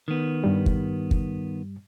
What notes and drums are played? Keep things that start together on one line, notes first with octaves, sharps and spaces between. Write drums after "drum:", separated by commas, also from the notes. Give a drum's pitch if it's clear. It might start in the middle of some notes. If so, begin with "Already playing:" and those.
D#3 B3
G2 G3
drum: kick
drum: kick